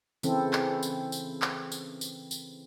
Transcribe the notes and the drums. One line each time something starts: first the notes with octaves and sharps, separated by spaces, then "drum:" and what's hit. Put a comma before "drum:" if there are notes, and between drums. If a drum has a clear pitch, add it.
C#3 E3 C4 E4 A4, drum: tambourine
drum: clap
drum: tambourine
drum: tambourine
drum: clap
drum: tambourine
drum: tambourine
drum: tambourine